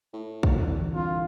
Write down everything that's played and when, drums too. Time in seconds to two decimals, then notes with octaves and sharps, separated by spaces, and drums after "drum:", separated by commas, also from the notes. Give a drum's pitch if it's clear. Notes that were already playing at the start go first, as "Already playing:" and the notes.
0.13 A2
0.43 drum: kick
0.58 C2 D3 E3
0.95 C2 F4